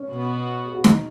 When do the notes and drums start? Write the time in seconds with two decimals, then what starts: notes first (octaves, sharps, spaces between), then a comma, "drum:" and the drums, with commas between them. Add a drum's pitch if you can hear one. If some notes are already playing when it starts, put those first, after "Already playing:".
Already playing: C#4
0.08 B2 B3 F#4
0.66 G#4
0.75 F#4
0.84 D#4, drum: snare